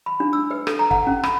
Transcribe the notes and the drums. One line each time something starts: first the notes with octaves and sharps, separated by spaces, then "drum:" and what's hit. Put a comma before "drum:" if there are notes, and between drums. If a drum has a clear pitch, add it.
B5
D4
E6
B4
A4, drum: rim click
A#5
F#5, drum: kick
C#4
B5, drum: rim click